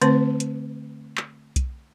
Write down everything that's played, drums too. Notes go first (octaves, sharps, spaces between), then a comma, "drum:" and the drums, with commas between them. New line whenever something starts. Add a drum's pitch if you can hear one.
D3 A3 C4 B4 C5 A5, drum: hi-hat
drum: hi-hat
drum: clap
drum: kick B1, hi-hat